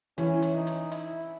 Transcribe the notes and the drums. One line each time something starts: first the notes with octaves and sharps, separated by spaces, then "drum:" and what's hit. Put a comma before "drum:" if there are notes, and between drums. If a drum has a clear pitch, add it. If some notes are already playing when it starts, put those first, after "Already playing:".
E3 C#4, drum: hi-hat
drum: hi-hat
D#4
drum: hi-hat
E4, drum: hi-hat